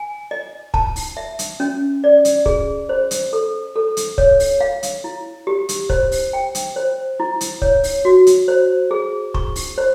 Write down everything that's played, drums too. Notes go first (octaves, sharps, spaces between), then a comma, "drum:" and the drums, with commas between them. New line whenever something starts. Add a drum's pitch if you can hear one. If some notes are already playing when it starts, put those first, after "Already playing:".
Already playing: G#5
D#5
A5, drum: kick
drum: open hi-hat
E5
drum: hi-hat
C#4
D5
drum: hi-hat
G#4, drum: kick
C5
drum: hi-hat
A4
A4
drum: hi-hat
C#5, drum: kick
drum: open hi-hat
F5
drum: hi-hat
E4
G4
drum: hi-hat
C5, drum: kick
drum: open hi-hat
G5
drum: hi-hat
C5
E4
drum: hi-hat
C#5, drum: kick
drum: open hi-hat
F#4
drum: hi-hat
C5
G#4
C#6, drum: kick
drum: open hi-hat
C5